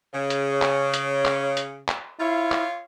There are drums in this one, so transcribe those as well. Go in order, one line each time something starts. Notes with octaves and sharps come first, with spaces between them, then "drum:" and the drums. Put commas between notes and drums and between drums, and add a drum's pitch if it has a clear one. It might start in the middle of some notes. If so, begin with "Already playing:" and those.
C#3
drum: hi-hat
C#5
drum: clap
drum: hi-hat
drum: clap
drum: hi-hat
drum: clap
E4 F4 C#5 F5
drum: clap